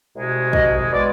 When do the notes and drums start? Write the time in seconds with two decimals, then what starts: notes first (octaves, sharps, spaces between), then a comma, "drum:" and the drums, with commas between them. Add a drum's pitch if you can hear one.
0.14 C2 B2 G#3
0.53 D#5, drum: kick
0.92 B2 G#3 D5